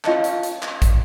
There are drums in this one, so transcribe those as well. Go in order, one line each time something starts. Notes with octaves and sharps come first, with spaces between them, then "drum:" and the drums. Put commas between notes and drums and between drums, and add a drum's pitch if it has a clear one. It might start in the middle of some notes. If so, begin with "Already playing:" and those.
C#4 F4 D#5 A5, drum: clap
drum: hi-hat
drum: hi-hat
drum: clap
drum: kick, hi-hat